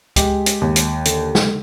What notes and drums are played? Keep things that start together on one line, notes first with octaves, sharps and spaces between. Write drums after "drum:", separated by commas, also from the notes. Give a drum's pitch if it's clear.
G#3 G4, drum: kick C#2, hi-hat
drum: hi-hat
D#2
drum: hi-hat
D3, drum: hi-hat
drum: snare